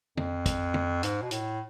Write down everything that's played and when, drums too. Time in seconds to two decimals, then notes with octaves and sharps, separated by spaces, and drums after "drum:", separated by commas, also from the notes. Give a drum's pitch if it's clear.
0.17 F2, drum: tom
0.46 drum: kick, hi-hat
0.74 drum: tom
1.03 G#2, drum: hi-hat
1.22 B2
1.31 A2, drum: hi-hat